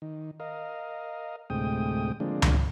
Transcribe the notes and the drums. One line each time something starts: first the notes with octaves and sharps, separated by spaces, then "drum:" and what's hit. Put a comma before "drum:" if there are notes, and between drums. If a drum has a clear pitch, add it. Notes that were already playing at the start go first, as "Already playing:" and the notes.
D#3
A#4 D#5 F5
D2 A2 C3 G#3 G5 D#6
D3 F3 G#3 A#3 C4 D4
drum: tom C#2